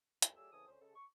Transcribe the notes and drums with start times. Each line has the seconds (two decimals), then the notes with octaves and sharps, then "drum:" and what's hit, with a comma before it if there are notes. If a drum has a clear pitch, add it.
0.22 C2 F2, drum: hi-hat
0.36 F#3 A3 G4 G#4 D5 E6
0.53 C#3 E3 C4 A4 G#5 D#6
0.68 D2 C#4 C5
0.82 C#3 G#3 A4
0.96 C#6